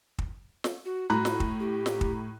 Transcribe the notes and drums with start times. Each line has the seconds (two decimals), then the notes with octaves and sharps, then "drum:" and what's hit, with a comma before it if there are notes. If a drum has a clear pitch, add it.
0.19 drum: kick
0.64 drum: snare
0.85 F#4
1.10 A2 F#4 A#5 B5 F#6
1.25 drum: snare
1.40 drum: kick
1.60 G4
1.86 drum: snare
2.01 drum: kick